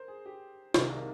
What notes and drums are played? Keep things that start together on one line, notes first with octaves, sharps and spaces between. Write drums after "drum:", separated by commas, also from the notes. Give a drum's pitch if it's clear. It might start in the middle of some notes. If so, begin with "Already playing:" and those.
Already playing: A#4 C5
G#4
G4
C2 C3 D#3 G#4, drum: snare
F5